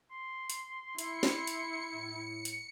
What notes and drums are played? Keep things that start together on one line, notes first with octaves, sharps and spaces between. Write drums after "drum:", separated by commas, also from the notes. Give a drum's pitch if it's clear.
C6
drum: hi-hat
E4 E5 C#7, drum: hi-hat
drum: snare
drum: hi-hat
A2
drum: hi-hat